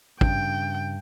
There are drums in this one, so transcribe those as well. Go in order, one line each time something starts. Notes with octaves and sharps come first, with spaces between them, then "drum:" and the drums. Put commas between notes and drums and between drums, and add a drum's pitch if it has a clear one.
G2 C#3 C#4 D4 G5, drum: kick